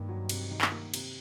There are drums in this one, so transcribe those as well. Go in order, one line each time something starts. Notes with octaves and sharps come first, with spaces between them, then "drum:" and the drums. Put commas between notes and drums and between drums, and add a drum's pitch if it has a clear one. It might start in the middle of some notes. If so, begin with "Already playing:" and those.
Already playing: G2 D#3 A#3
F#3
C3, drum: cymbal
D#3
drum: clap
A#3
C3, drum: cymbal